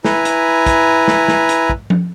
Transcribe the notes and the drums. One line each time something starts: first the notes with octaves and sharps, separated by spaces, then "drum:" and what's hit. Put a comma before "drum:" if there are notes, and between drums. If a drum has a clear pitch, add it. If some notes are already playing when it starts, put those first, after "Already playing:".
E4 B4 G#5 A#5, drum: snare
drum: hi-hat
drum: kick, hi-hat
drum: snare
drum: snare
drum: hi-hat
drum: kick
drum: tom F3